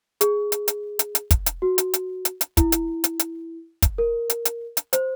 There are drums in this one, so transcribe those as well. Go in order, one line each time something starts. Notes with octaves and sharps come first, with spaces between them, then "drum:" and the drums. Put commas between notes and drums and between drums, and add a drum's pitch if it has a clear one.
G#4, drum: hi-hat
drum: hi-hat
drum: hi-hat
drum: hi-hat
drum: hi-hat
drum: kick, hi-hat
drum: hi-hat
F#4
drum: hi-hat
drum: hi-hat
drum: hi-hat
drum: hi-hat
E4, drum: kick, hi-hat
drum: hi-hat
drum: hi-hat
drum: hi-hat
drum: kick, hi-hat
A#4
drum: hi-hat
drum: hi-hat
drum: hi-hat
C5, drum: hi-hat